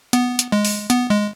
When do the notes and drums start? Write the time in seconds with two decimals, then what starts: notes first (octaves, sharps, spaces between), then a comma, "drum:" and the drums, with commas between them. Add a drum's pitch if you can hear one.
0.13 B3, drum: hi-hat
0.39 drum: hi-hat
0.52 G#3
0.65 drum: open hi-hat
0.90 B3, drum: hi-hat
1.10 G#3